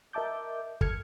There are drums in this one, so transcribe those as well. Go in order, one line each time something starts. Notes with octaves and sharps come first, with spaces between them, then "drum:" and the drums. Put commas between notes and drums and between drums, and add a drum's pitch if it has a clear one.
A#4 D#5 E5 A5 D6 G6
A4 F6 G#6 C#7, drum: kick